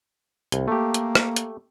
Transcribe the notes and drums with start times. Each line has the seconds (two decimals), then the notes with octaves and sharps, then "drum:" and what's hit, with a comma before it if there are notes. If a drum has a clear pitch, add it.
0.52 C2, drum: hi-hat
0.68 A3 A#3 G4
0.94 drum: hi-hat
1.15 drum: rim click
1.36 drum: hi-hat